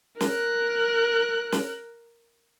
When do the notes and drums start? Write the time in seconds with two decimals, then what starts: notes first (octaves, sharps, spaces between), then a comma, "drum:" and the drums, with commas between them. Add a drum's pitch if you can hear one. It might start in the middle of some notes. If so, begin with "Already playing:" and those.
0.21 A#4 F#6, drum: snare
1.52 drum: snare